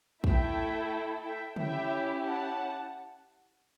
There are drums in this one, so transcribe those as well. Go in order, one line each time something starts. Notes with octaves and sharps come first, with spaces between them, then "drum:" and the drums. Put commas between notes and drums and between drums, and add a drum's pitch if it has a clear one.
A3 E4 A4 E5 G5, drum: kick
E5 G5
C#4 E4 G4 E5 G5, drum: tom C#3
F#5 A5